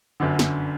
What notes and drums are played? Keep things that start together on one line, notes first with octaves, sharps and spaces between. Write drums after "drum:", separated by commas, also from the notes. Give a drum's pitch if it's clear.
G1 F#2 D3
drum: snare